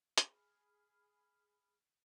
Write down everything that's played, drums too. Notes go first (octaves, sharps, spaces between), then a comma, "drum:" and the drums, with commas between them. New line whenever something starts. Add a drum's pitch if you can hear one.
G#4 B5 F6, drum: hi-hat